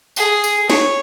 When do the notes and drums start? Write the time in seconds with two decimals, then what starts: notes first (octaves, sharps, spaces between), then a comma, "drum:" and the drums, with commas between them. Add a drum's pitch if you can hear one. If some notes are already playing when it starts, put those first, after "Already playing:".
0.16 G#4, drum: tambourine
0.44 drum: tambourine
0.70 C#5, drum: snare